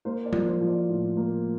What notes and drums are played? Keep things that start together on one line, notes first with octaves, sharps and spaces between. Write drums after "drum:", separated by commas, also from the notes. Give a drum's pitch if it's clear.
A#3 C5
D5
F3, drum: tom F#3
C5
F3
D5
A2
A#3